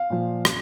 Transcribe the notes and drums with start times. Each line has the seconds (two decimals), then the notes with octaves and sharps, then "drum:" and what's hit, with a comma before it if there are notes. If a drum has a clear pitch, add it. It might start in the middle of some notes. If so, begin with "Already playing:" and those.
Already playing: F5
0.10 A#2 F3
0.45 drum: rim click